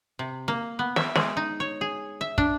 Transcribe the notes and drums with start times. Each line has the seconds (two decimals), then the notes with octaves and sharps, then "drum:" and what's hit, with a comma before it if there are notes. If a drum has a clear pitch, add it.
0.19 C3
0.48 A#3
0.79 B3
0.96 E5, drum: snare
1.15 G#3, drum: snare
1.37 D#4
1.60 C#5
1.81 G#4
2.21 E5
2.38 D4, drum: kick